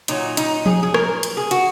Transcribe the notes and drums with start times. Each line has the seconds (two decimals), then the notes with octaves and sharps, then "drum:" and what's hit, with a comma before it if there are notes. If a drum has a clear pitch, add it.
0.08 A#2 F#3 D#4, drum: hi-hat
0.37 D#4, drum: hi-hat
0.66 G#4, drum: tom F3
0.83 G#4
0.94 A#4, drum: rim click
1.23 drum: hi-hat
1.37 G#4
1.51 F#4, drum: hi-hat